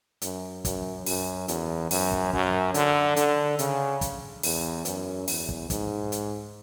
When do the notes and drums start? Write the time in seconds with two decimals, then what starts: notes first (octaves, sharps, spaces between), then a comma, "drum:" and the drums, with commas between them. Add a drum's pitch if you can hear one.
0.22 F#2, drum: hi-hat
0.65 F#2, drum: kick, hi-hat
1.06 F#2, drum: open hi-hat
1.48 E2, drum: hi-hat
1.91 F#2, drum: open hi-hat
2.12 drum: kick
2.33 F#2, drum: kick
2.74 D3, drum: hi-hat
3.16 D3, drum: hi-hat
3.59 C#3, drum: hi-hat
4.01 drum: kick, hi-hat
4.43 E2, drum: open hi-hat
4.85 F#2, drum: hi-hat
5.28 E2, drum: open hi-hat
5.49 drum: kick
5.70 G#2, drum: kick, hi-hat
6.12 drum: hi-hat